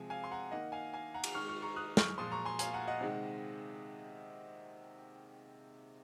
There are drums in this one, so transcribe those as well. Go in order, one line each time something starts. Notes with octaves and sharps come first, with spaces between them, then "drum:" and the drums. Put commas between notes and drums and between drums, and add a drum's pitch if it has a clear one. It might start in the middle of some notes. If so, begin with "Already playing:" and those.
Already playing: C3 F3 G#3 G#5
F5 G#5
C6
F#5 A#5
D#3 A#3 D#5 F#5
F5 G#5
F5 G#5
F#5 A#5
drum: cymbal
D#3 G#3 C#6 F6
C#6 F6
A#5 C#6
D#6 F#6
C#6 F6, drum: snare
A#2 F3 G#3 C6 D#6
A#5 C#6
G#5 C6
F5 G#5, drum: hi-hat
F#5 A#5
D#5 F#5
C3 D#3 G#3